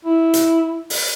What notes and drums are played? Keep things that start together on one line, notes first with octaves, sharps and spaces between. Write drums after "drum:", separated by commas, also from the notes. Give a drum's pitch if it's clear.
E4
drum: hi-hat
drum: open hi-hat